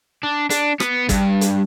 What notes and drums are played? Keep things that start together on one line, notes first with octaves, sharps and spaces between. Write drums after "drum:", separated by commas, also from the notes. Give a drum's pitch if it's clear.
D4
D4, drum: hi-hat
B3, drum: rim click
G2, drum: kick, hi-hat
drum: hi-hat